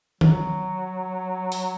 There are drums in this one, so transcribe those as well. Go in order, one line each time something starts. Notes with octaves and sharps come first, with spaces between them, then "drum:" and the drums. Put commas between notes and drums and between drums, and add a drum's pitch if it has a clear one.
F#3, drum: tom D#3
drum: open hi-hat